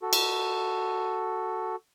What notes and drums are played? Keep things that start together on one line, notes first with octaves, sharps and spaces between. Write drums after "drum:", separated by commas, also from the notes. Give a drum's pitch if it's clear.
F#4 A4
drum: cymbal